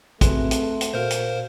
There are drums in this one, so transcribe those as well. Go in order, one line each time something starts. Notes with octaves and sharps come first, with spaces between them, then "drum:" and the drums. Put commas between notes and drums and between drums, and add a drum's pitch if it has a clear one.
A3 C4 F#4 G#4 B4, drum: kick, hi-hat
drum: hi-hat
drum: hi-hat
A#2 F#4 A#4 C5 F5
drum: hi-hat